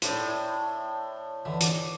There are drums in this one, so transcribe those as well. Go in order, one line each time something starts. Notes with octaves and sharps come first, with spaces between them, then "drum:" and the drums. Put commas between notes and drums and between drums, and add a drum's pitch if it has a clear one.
A2 D4 C5, drum: hi-hat
D3 E3
C#6 D6, drum: hi-hat